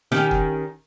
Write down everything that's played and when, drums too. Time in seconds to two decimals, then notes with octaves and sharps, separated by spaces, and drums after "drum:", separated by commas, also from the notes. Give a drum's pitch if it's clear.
0.12 D#3 C#4 G4, drum: snare
0.31 drum: kick